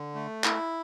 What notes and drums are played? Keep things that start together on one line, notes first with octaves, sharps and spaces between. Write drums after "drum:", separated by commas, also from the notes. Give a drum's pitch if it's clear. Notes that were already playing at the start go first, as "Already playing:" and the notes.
Already playing: D3
A3
E4, drum: clap